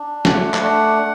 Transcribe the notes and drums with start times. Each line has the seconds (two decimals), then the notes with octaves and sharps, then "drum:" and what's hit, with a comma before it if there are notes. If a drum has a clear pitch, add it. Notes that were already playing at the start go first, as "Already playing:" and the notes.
Already playing: D4
0.25 A3 F#5, drum: snare
0.54 drum: clap
0.63 D4